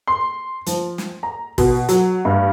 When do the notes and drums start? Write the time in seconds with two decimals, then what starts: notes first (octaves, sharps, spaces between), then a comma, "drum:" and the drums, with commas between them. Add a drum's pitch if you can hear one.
0.07 C6
0.67 F3, drum: hi-hat
0.98 drum: snare
1.23 A#5
1.58 B2, drum: kick, open hi-hat
1.89 F#3, drum: hi-hat
2.25 G2